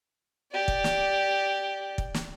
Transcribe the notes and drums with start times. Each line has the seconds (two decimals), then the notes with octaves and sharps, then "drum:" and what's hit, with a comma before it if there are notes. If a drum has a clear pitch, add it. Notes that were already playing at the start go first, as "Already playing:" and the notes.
0.52 G4 D5
0.68 drum: kick
0.84 drum: snare
1.98 drum: kick
2.14 drum: snare